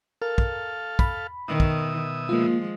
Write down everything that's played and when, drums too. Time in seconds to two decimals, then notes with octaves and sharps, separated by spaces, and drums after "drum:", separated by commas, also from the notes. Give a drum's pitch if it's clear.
0.22 A4 A#4 F5
0.38 drum: kick
0.99 B5, drum: kick
1.48 B2 D#3 E5 D#6
1.60 drum: kick
2.29 F3 G#3 A#3 F4